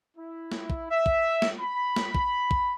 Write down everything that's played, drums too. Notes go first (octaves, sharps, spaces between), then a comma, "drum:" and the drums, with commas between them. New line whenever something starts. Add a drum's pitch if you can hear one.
E4
drum: snare
drum: kick
E5
drum: kick
drum: snare
B5
drum: snare
drum: kick
drum: kick